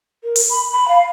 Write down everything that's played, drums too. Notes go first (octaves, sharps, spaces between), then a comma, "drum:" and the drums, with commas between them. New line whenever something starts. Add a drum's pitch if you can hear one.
A#4
drum: open hi-hat
B5
B5
F5